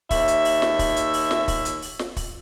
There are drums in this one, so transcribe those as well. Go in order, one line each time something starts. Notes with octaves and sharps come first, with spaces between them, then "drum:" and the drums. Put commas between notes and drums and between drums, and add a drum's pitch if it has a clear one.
D#2 C#5 E5, drum: kick, open hi-hat
drum: hi-hat
drum: open hi-hat
drum: snare
drum: kick, open hi-hat
drum: hi-hat
drum: open hi-hat
drum: snare
drum: kick, open hi-hat
drum: hi-hat
drum: open hi-hat
drum: snare
drum: kick, open hi-hat